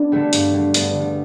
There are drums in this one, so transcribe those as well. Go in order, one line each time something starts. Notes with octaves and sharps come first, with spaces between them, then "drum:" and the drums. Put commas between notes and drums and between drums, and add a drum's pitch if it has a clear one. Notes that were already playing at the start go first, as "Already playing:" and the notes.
Already playing: B3 D4
D3 G3 A3
G2, drum: hi-hat
D3 G3
G2 B3, drum: hi-hat
D3 G3